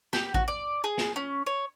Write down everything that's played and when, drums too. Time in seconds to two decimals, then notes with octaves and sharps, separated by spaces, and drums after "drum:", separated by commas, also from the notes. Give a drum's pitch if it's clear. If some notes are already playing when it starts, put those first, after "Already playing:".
0.13 G4, drum: snare
0.34 F#4, drum: kick A1
0.48 D5
0.84 G#4
0.98 drum: snare
1.16 C#4
1.47 C#5